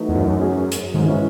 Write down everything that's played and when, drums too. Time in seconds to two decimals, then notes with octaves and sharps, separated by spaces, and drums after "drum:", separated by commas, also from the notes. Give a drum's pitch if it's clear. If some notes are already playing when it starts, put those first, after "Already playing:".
Already playing: E3 A3 D#4 F#4 B4
0.09 E2
0.16 F#2
0.39 F#3 C#4 G#4
0.72 drum: hi-hat
0.94 G#2, drum: tom D#3
1.04 E3 G#3 C#4